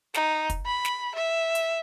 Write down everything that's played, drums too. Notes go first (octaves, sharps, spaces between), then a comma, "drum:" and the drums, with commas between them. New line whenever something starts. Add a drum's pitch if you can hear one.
D#4, drum: snare
drum: kick, hi-hat
B5
drum: snare
E5
drum: hi-hat